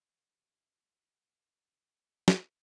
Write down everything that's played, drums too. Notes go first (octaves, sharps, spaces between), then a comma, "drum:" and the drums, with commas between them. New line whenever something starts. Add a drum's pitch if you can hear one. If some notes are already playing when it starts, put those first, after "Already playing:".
C3 F3 E4 F#4 G4
drum: snare